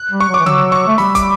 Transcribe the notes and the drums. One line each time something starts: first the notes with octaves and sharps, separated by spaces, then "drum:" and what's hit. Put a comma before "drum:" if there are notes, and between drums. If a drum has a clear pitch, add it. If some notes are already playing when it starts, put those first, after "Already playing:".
Already playing: F#6
G3
C#6
F#3 D6
E3
F#3 E6, drum: tom C#3
C#6
A3
G3 B5, drum: snare
D6, drum: kick, hi-hat